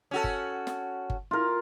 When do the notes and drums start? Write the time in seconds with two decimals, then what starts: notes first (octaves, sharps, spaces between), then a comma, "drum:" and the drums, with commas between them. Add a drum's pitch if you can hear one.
0.11 C#4 F#4 A4
0.24 drum: kick G1
0.67 drum: snare
1.10 drum: kick G1
1.31 F4 A#4